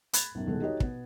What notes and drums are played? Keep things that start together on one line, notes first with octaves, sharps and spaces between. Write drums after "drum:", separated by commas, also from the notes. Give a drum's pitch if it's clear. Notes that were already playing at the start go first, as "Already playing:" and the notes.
B5 F#6 G#6 A6, drum: hi-hat
B1 F#2
D#1 B1 E2 G#3 D#4 A4
D#4 F#4 G4 A4 C#5 D#5
B2 B3, drum: kick